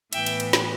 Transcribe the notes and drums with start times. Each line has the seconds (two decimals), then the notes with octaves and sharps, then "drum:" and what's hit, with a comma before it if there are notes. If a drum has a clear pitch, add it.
0.13 A2 E3 B3 E5 G5, drum: cymbal
0.26 drum: cymbal
0.40 drum: cymbal
0.53 drum: snare